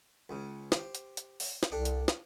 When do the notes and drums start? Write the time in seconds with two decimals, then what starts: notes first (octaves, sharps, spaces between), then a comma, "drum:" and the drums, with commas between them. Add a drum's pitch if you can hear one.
0.29 C#2 C#3
0.72 G4 C5, drum: snare
0.95 drum: hi-hat
1.17 drum: hi-hat
1.40 drum: open hi-hat
1.63 drum: snare
1.72 C2 D4 G4 A4
1.85 drum: hi-hat
2.08 drum: snare